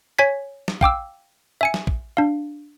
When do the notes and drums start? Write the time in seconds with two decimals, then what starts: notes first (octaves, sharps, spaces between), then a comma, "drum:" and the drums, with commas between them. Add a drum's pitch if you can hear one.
0.19 C#5 G#5 G#6 B6
0.68 drum: snare
0.81 F5 G5 D6 E6, drum: kick
1.61 E5 G#5 C#7
1.74 drum: snare
1.87 drum: kick
2.17 D4 F5